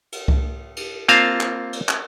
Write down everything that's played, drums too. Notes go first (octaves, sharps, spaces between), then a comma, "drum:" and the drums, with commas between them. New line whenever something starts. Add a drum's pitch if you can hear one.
drum: cymbal
drum: kick C2
drum: cymbal
A#3 C4 F4 F5 A5, drum: cymbal
drum: clap
drum: cymbal
drum: clap